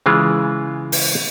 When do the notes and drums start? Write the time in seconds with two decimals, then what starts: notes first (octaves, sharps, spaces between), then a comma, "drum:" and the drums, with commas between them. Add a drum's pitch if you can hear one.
0.06 C#3 E3 G#3 F4
0.92 drum: open hi-hat